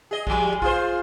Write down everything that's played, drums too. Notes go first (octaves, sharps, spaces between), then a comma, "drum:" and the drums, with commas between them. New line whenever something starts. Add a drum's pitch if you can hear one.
G#4 D#5
F3 G3 G#3, drum: kick
F4 G#4 C5, drum: kick